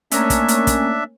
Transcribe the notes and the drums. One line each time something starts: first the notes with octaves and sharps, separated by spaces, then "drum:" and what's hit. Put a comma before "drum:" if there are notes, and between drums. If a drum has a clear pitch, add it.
A3 A#3 C#4 D4 A#4 E5, drum: hi-hat
drum: kick, hi-hat
drum: hi-hat
drum: kick, hi-hat